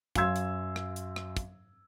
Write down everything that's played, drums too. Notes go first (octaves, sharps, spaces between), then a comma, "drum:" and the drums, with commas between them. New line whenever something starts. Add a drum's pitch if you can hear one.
F#2 F5 C6 E6 G#6, drum: kick, hi-hat
drum: hi-hat
drum: rim click
drum: hi-hat
drum: rim click
drum: kick, hi-hat